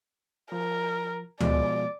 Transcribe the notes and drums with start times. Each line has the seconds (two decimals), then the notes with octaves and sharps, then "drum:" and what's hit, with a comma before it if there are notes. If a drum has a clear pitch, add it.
0.52 F3 A#4
1.40 B2 F3 G#3 D5, drum: tom D2